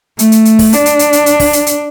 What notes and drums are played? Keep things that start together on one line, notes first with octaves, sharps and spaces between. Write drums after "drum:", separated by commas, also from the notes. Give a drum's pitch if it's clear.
A3, drum: hi-hat
drum: hi-hat
drum: hi-hat
drum: kick, open hi-hat
D4, drum: hi-hat
drum: hi-hat
drum: hi-hat
drum: hi-hat
drum: hi-hat
drum: kick, open hi-hat
drum: hi-hat
drum: hi-hat